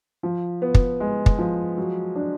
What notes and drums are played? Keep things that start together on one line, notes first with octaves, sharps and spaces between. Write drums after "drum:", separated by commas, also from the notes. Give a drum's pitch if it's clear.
F3
B3
drum: kick
G#3
drum: kick
F3
F#3
D4